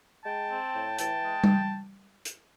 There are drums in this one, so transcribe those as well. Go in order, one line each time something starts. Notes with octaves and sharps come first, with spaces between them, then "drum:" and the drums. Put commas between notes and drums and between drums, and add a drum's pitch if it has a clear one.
G#3 G5 A5
C4
A2
E3 G5 A5, drum: hi-hat
G#3
drum: tom G3
drum: hi-hat